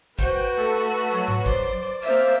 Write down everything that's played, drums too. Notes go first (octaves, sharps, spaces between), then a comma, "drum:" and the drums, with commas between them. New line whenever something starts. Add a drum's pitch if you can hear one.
F#4 B4 C5 G5, drum: kick
A3 A4
F#3
drum: tom G#2
C5 D5, drum: kick
A#3 C4 A#4 C5 E5 F5